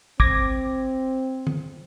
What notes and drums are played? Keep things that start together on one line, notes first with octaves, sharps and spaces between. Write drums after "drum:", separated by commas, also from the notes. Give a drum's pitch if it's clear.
C4 D6 G#6 A#6, drum: kick
drum: tom D3